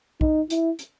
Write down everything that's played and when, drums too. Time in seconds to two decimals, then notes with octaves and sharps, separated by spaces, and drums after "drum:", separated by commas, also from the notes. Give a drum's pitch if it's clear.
0.21 D#4, drum: kick
0.50 E4, drum: hi-hat
0.79 drum: hi-hat